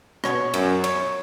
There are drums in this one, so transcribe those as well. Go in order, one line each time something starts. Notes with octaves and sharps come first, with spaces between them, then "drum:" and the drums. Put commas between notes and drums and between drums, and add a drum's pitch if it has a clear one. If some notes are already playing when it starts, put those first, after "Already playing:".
B2 C#5, drum: rim click
F#2, drum: cymbal
C#5, drum: cymbal